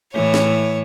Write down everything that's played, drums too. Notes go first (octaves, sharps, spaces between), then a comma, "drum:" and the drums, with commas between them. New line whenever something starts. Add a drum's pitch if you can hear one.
A2 E3 C#5
drum: snare